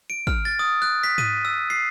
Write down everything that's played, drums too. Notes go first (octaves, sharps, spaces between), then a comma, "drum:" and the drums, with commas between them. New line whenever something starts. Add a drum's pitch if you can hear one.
D7
F6, drum: kick
A6
D#6
F#6
B6
D#7, drum: tom G#2
E6
C7